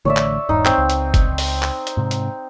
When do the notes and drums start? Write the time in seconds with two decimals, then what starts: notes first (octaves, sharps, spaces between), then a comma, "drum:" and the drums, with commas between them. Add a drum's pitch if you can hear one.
0.05 A1 D3 A3 C#5 D5 E5
0.17 drum: clap
0.49 D#1 G2 D#4
0.65 C4, drum: clap
0.78 C#2
0.90 drum: hi-hat
1.14 drum: kick F#1, hi-hat
1.38 drum: open hi-hat
1.63 drum: clap
1.87 drum: hi-hat
1.97 G#2 C3
2.11 drum: hi-hat